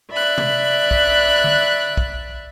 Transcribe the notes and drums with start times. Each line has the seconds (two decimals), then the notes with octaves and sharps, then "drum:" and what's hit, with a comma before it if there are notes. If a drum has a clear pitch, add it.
0.11 D5 E5 B5 F#6
0.38 drum: tom
0.91 drum: kick
1.44 drum: tom D3
1.97 drum: kick